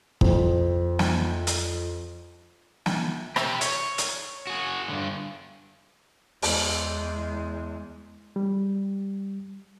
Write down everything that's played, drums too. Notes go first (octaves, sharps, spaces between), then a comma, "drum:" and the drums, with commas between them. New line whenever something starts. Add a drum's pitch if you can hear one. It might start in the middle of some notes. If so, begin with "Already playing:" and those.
F2 C5, drum: kick
drum: snare
drum: hi-hat
drum: snare
G4 E5, drum: rim click
C#5, drum: hi-hat
drum: hi-hat
F#4 G#4
G2 D3
E2 G#3, drum: open hi-hat
G3